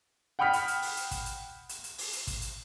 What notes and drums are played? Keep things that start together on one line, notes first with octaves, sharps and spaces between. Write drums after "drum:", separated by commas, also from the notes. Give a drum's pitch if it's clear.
F#5 G5 B5 D#6 F6 B6
drum: hi-hat
drum: hi-hat
drum: open hi-hat
drum: hi-hat
drum: kick, hi-hat
drum: hi-hat
drum: hi-hat
drum: hi-hat
drum: open hi-hat
drum: hi-hat
drum: kick, hi-hat
drum: hi-hat